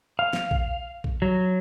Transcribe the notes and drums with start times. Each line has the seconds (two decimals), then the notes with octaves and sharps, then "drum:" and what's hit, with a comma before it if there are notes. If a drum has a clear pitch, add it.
0.19 F5
0.33 drum: snare
0.51 drum: kick A#1
1.04 drum: kick A#1
1.22 F#3